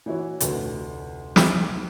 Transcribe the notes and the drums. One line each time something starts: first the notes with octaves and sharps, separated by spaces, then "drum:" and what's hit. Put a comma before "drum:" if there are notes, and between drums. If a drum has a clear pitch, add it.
E3 E4 F#4 C#5
F1 D2 F#4 B4, drum: hi-hat
drum: snare